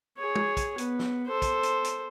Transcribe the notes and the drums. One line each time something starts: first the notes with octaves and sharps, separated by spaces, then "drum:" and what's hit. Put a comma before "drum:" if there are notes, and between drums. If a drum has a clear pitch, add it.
G#4 C#5
drum: tom
drum: kick, hi-hat
B3, drum: hi-hat
drum: snare
A4 C5
drum: kick, hi-hat
drum: hi-hat
drum: hi-hat